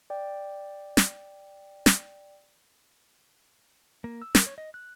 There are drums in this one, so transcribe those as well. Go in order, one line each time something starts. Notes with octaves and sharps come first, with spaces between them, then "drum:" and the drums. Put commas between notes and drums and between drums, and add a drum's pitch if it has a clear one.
D5 G5
drum: snare
drum: snare
A#3
E6
A#4, drum: snare
C#5
D#5
F#6